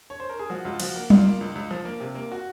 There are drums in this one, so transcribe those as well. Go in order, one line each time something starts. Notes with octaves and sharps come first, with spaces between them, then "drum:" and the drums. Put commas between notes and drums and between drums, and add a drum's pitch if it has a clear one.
C#5
C5
A#4
G#4
F3 F#4
C#2 F4
F3 F#4, drum: cymbal
A#3
C#2 F4, drum: tom F#3
A#3
C#2
C#2
F3
A#3
C3
A#3
F#4